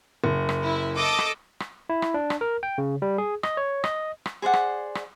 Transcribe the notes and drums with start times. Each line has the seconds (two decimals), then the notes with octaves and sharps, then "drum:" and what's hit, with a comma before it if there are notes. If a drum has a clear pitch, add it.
0.24 F#1
0.49 drum: rim click
0.61 E4
0.96 A4 D#5 D6
1.18 drum: rim click
1.60 drum: rim click
1.90 E4
2.02 drum: rim click
2.14 D4
2.30 drum: rim click
2.41 A#4
2.63 G5
2.78 C#3
3.02 G3
3.18 G#4
3.43 D#5, drum: rim click
3.57 C#5
3.84 D#5, drum: rim click
4.26 drum: rim click
4.42 G#4 C5 D5 F#5
4.53 drum: rim click
4.95 drum: rim click